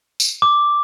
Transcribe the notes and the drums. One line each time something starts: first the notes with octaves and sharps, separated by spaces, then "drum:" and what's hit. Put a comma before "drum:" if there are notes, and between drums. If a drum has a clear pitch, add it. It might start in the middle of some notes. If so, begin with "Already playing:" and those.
drum: tambourine
D6